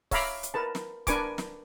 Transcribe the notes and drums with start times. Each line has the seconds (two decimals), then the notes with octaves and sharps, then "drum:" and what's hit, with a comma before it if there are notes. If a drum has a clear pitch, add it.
0.11 C#5 E5 F5 A#5 B5 D6, drum: kick C#1, open hi-hat
0.43 drum: hi-hat
0.54 A#4 B4 A5
0.75 drum: snare
1.07 D4 A#4 B4 G#5 C#6 D6, drum: kick C#1, hi-hat
1.38 drum: snare